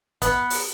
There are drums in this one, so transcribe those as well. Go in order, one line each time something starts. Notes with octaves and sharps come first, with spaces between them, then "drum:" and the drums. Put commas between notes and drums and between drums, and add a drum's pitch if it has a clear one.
B3, drum: kick, hi-hat
drum: open hi-hat